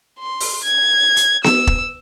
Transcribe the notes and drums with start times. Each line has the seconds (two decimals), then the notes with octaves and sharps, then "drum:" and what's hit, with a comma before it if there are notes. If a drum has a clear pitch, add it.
0.20 C6
0.40 drum: open hi-hat
0.64 G#6
1.17 drum: hi-hat
1.44 E6, drum: snare B3
1.67 drum: kick